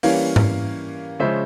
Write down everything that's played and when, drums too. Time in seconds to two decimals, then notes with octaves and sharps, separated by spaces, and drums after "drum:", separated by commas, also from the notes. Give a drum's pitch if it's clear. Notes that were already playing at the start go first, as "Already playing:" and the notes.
0.03 E3 G3 A#3 C#4 C#5 F5, drum: open hi-hat
0.36 drum: tom G#2
1.20 C#3 F3 G#3 C#4 C5 E5